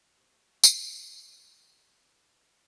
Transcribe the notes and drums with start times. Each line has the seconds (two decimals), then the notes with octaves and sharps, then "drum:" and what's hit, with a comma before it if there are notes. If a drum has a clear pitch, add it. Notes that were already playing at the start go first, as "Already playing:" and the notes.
0.16 D2 A2 C3 G4 C5 C#6
0.64 drum: tambourine
2.05 A#2 E3 D4 B4